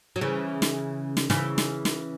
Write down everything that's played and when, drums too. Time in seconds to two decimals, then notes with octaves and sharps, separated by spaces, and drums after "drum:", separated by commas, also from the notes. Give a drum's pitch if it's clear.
0.16 F#3
0.21 C#3 E3
0.62 drum: snare
1.17 drum: snare
1.30 C#3 E3, drum: snare
1.58 drum: snare
1.85 drum: snare